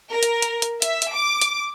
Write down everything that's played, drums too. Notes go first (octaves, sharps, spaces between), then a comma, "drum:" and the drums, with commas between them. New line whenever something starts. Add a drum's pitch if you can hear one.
A#4
drum: hi-hat
drum: hi-hat
drum: hi-hat
E5, drum: hi-hat
drum: hi-hat
D6
drum: hi-hat